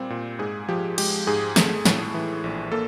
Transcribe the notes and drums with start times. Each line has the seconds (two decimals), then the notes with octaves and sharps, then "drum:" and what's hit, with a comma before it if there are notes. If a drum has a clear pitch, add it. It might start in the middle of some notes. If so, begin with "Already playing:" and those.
Already playing: A#2 G3 C4
0.10 A#2
0.39 G#2 G#4
0.68 F3 G4
0.98 G#3 G4, drum: cymbal
1.27 G#2 G#4
1.56 A3, drum: snare
1.85 A2, drum: snare
2.14 E3
2.44 A#1
2.72 A#3 A4